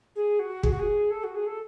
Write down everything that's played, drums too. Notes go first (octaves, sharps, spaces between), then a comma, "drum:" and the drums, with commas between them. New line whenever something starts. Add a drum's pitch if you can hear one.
G#4
F#4
G#4, drum: kick
F#4
G#4
A4
F#4
G#4
A4